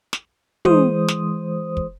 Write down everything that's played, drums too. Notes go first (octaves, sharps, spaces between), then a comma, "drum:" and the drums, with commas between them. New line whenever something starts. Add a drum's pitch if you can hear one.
drum: snare
E3 G#3 C5 D#6, drum: tom
drum: snare
drum: kick